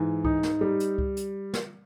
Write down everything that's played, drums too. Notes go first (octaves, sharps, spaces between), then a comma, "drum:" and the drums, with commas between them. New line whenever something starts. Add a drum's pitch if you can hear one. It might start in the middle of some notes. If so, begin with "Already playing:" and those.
Already playing: G#2 E3
D#4, drum: kick C#2
drum: snare
G3
drum: hi-hat
drum: kick C#2
drum: hi-hat
drum: snare